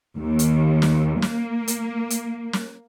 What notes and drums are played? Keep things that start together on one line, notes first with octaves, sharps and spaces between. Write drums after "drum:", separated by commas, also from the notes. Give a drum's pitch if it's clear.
D#2
drum: hi-hat
drum: snare
A#3, drum: snare
drum: hi-hat
drum: hi-hat
drum: snare